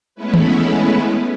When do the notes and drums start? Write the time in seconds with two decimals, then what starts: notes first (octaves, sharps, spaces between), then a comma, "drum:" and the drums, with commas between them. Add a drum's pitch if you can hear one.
0.15 G#3 A3 B3 C#4 E4 B4
0.34 drum: tom D#3